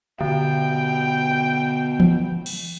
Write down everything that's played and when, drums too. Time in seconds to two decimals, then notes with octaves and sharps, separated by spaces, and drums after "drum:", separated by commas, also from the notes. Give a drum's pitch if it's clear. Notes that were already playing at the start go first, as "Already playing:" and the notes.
0.21 B2 D3 G5
2.00 drum: tom E3
2.46 drum: cymbal